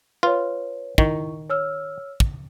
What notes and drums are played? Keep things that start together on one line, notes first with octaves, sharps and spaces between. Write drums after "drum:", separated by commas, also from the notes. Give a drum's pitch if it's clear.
F4 B4 C#5
D#3 E4 C#6, drum: kick
C#5 E6 F6
drum: kick